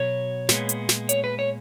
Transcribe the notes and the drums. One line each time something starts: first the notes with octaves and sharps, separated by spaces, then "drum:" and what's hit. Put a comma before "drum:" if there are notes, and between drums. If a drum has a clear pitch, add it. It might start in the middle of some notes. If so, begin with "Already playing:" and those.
Already playing: B2 F#3 B3 C#5
A#2 G#3 B3, drum: snare
drum: hi-hat
drum: snare
C#5, drum: hi-hat
B4
C#5